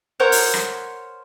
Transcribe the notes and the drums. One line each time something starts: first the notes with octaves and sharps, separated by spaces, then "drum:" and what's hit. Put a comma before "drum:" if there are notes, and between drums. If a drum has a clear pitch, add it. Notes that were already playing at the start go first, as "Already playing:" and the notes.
A#4 C5 C#5 F#5
drum: open hi-hat
drum: rim click